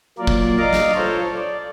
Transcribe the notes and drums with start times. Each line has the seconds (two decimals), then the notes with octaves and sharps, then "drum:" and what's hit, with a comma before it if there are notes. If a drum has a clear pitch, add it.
0.18 F#3 A#3 F4 A#4 D5
0.27 drum: kick
0.59 D5 D#5 F5 A#5 D6
0.73 drum: snare
0.95 F4 A4 C5 C#5
1.37 D5